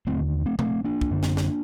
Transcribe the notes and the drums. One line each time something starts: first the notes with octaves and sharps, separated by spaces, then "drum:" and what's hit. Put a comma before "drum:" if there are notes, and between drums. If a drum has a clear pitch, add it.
D#2 D3 A3 C4
A3 C4
A3 C4, drum: tom B2
A#3 D4
drum: kick
F#2 D3
drum: snare
drum: snare